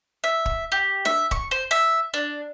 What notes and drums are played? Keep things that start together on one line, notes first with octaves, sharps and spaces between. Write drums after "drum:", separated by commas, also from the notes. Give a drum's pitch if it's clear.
E5
drum: kick
G4
E5, drum: snare
C#6, drum: kick
C5
E5
D4